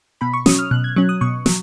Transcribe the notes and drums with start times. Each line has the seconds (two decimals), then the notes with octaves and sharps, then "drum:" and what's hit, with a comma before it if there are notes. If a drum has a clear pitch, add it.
0.21 B2 B5
0.34 C#6
0.46 F#3 C#4 D#6, drum: snare
0.59 F6
0.71 B2 F#6
0.84 G#6
0.96 F#3 C#4 F#6
1.09 D#6
1.21 B2 C#6
1.46 F#3, drum: snare